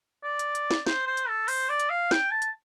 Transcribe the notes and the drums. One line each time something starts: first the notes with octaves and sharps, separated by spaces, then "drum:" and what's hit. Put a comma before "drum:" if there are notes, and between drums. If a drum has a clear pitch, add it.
D5
drum: hi-hat
drum: hi-hat
drum: snare
C5, drum: snare
C5
drum: hi-hat
A4
C5, drum: open hi-hat
D5
drum: hi-hat
F5
G5, drum: snare
A5
drum: hi-hat